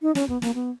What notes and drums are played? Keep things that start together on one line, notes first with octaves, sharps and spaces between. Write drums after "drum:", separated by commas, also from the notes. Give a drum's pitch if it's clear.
D#4
C#4, drum: snare
B3, drum: kick
A#3, drum: snare
B3